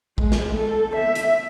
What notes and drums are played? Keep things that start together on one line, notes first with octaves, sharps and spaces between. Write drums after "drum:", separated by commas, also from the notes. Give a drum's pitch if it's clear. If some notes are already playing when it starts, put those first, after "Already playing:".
G#3, drum: kick A#1
drum: snare
A4
E5
drum: hi-hat